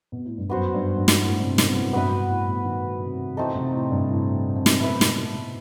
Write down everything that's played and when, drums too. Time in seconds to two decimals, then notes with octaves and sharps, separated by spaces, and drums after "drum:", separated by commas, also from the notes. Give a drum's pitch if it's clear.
0.12 B2
0.26 A2
0.38 G2
0.49 F#2 B3 F#4 C5
0.74 G2
0.98 G2
1.08 drum: snare
1.21 A2
1.39 C3
1.58 B2, drum: snare
1.76 A2
1.93 G2 B3 F#4 B4 E5
2.11 G2
2.29 A2
2.48 B2
2.65 D#3
3.01 C3
3.37 E3 A3 C4 D#4 A4
3.55 C3
3.73 A2
3.91 G2
4.09 A2
4.56 C3
4.66 drum: snare
4.80 B2 E4 B4 E5
4.91 A2
5.01 B2, drum: snare